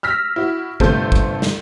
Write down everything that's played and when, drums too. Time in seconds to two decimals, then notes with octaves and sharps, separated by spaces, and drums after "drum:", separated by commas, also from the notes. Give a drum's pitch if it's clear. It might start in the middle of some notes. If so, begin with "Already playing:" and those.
0.03 E6 F6 A#6 B6
0.36 E4 F#4
0.80 G1 C3 A3 C4 A4 G6, drum: kick
1.12 drum: kick
1.42 drum: snare